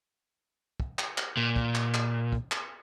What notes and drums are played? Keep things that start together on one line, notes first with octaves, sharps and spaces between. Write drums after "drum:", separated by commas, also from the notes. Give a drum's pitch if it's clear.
drum: kick
drum: clap
drum: clap
A#2
drum: kick
drum: clap
drum: clap
drum: kick
drum: clap